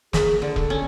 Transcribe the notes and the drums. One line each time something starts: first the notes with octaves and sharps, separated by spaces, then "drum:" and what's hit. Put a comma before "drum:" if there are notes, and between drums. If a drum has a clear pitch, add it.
A#3 G#4, drum: snare
D3
A4, drum: kick E1
C#4